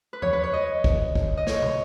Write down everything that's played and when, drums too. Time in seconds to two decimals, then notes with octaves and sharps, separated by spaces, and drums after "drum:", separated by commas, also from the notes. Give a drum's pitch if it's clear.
0.13 B4
0.22 C#5, drum: tom E2
0.33 B4
0.43 C#5
0.53 D#5
0.84 drum: kick
1.15 drum: kick
1.37 D#5
1.47 C#5, drum: snare
1.62 drum: tom